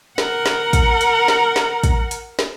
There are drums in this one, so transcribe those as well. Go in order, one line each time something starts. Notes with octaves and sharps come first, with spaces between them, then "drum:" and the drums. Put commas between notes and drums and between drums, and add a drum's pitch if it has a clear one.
A#4 F#5, drum: snare
drum: snare
drum: kick, hi-hat
drum: hi-hat
drum: snare
drum: snare
drum: kick, hi-hat
drum: hi-hat
drum: snare